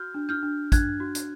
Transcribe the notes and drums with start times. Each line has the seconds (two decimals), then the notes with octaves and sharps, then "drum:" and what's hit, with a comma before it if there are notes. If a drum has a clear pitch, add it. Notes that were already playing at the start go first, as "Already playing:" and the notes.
Already playing: F#4 F6 G6
0.15 D4
0.29 F6 G6
0.43 D4
0.72 D4 F#6 G#6, drum: kick A1, hi-hat
1.00 F#4
1.15 drum: hi-hat